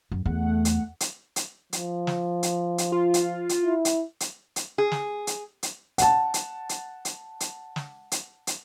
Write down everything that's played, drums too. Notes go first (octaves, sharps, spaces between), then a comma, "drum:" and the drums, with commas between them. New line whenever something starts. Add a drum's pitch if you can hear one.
F#2
E2 A3 F#5
drum: hi-hat
drum: hi-hat
drum: hi-hat
F3, drum: hi-hat
drum: snare
drum: hi-hat
drum: hi-hat
F4
drum: hi-hat
drum: hi-hat
E4
drum: hi-hat
drum: hi-hat
drum: hi-hat
G#4
drum: snare
drum: hi-hat
drum: hi-hat
F#5 A5, drum: hi-hat
drum: hi-hat
drum: hi-hat
drum: hi-hat
drum: hi-hat
drum: snare
drum: hi-hat
drum: hi-hat